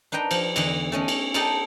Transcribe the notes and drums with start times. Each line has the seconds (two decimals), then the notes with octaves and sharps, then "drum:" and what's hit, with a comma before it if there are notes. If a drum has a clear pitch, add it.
0.12 D4 D#4 B4 G5 A#5
0.31 F3, drum: cymbal
0.56 E2 D3 D#5, drum: cymbal
0.92 A3 C#4 D#5
1.08 drum: cymbal
1.34 D4 D#4 G4 A4 D#5 A5, drum: cymbal